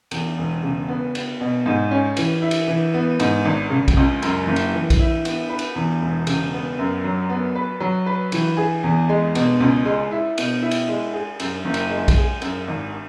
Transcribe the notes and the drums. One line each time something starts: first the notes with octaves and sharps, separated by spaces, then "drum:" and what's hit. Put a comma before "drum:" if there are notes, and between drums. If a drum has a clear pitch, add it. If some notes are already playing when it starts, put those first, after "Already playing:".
E2, drum: cymbal
E1
C#3
B3
B3, drum: cymbal
B2
G#2
C#4
E3, drum: cymbal
E4
drum: cymbal
E3
B3
G#2, drum: cymbal
G#1
C#3
drum: kick A#1, cymbal
C#2
F#2, drum: cymbal
F#1
drum: cymbal
E3
drum: kick A#1, cymbal
E4
B3, drum: cymbal
B4
drum: cymbal
E2
E1
C#3, drum: cymbal
B3
F#2
F#3
B3
B4
F#3
B4
E3, drum: cymbal
G#4
E2
G#3
B2, drum: cymbal
C#2
G#3
E4
B2, drum: cymbal
E4
drum: cymbal
G#3
G#4
F#2, drum: cymbal
F#1
drum: cymbal
G#3
drum: kick A#1, cymbal
G#4
F#2, drum: cymbal
G#1